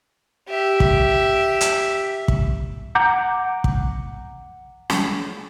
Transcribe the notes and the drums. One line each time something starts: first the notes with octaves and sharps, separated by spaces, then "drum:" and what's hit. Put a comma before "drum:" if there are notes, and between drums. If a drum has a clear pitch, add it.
G4 E5
drum: kick
drum: hi-hat
drum: kick
F#5 A#5 D6 G6
drum: kick
drum: snare